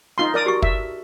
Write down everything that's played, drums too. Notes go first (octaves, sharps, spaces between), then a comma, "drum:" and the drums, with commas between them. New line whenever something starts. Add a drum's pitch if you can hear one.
D#4 F4 C6
A#4 D5 D#6
F#4 G4 C#6
E5, drum: kick